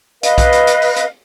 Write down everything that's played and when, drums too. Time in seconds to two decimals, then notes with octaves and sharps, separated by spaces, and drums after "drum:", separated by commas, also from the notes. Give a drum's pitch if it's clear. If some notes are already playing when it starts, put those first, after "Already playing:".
0.23 B4 D#5 F5, drum: hi-hat
0.38 drum: kick B1, hi-hat
0.52 drum: hi-hat
0.67 drum: hi-hat
0.82 drum: open hi-hat
0.96 drum: hi-hat